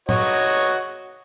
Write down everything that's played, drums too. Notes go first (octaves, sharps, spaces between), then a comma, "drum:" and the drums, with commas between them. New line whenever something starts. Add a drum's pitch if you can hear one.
F#4 C#5 D#5, drum: tom A2